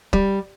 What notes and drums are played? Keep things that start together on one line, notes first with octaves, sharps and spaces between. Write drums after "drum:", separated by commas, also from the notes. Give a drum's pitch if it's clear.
G3, drum: kick